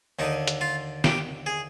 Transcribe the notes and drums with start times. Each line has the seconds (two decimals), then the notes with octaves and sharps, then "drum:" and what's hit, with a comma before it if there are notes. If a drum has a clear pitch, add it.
0.19 D#2 D3 D#4
0.48 drum: hi-hat
0.61 F4
1.04 G4, drum: snare
1.46 G#4